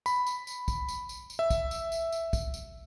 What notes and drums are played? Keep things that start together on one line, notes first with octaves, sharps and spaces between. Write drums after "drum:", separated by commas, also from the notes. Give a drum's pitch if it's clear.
B5, drum: tambourine
drum: tambourine
drum: tambourine
drum: kick, tambourine
drum: tambourine
drum: tambourine
drum: tambourine
E5
drum: kick, tambourine
drum: tambourine
drum: tambourine
drum: tambourine
drum: kick, tambourine
drum: tambourine